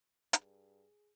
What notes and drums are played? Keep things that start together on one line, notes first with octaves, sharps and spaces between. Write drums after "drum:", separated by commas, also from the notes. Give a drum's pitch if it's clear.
G2 G#4, drum: hi-hat